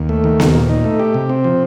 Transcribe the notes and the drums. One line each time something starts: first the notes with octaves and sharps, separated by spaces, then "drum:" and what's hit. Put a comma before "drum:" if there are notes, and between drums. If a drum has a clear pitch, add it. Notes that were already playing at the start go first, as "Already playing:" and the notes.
Already playing: D#2
A3
D#3
D#2, drum: snare B3
A#2
D#4
A3
G4
C3
C4
F3